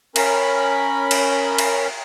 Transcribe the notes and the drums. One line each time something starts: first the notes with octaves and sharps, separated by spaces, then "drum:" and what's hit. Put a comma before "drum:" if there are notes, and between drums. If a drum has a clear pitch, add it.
C#4 A#4 B5, drum: cymbal
drum: cymbal
drum: cymbal